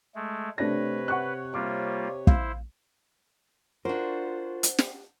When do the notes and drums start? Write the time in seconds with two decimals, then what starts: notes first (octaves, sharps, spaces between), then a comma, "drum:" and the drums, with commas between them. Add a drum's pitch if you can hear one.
0.15 G#3 A3
0.58 C3 A3 D4 B4 C#5 A#6
1.08 F#5 C#6 F#6
1.54 G3 A#3 F4 D6
2.27 E4 C5 F5, drum: kick
3.85 D4 F4 F#4 A#4 C5
4.63 drum: hi-hat
4.78 drum: snare